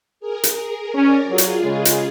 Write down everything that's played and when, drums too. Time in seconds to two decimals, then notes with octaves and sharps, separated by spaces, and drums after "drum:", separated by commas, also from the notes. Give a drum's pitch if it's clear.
0.20 G#4 A#4
0.43 drum: hi-hat
0.95 C#4 A#4 D5
1.28 F#3 F4 G#4
1.38 drum: hi-hat
1.61 C#3 G#3
1.85 drum: hi-hat